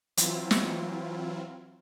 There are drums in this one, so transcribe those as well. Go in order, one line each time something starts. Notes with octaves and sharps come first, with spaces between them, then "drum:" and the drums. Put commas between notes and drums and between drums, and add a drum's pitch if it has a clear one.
E3 F#3 C4 E4 F4, drum: hi-hat
drum: snare